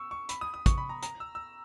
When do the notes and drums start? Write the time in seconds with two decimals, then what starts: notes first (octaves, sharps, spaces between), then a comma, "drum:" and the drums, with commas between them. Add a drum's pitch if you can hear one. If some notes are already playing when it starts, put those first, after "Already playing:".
Already playing: C#6 E6
0.11 C#6
0.29 B5, drum: hi-hat
0.41 D#6
0.54 D#6
0.66 C#6, drum: kick, hi-hat
0.78 B5
0.89 A#5
1.03 A#5, drum: hi-hat
1.20 E6
1.35 E6